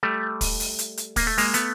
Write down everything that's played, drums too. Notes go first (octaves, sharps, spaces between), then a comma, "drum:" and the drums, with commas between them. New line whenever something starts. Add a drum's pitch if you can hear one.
G3 A3
drum: kick, open hi-hat
drum: open hi-hat
drum: hi-hat
drum: hi-hat
A#3, drum: kick, open hi-hat
A3
G#3 A#3, drum: open hi-hat
A3 B3, drum: hi-hat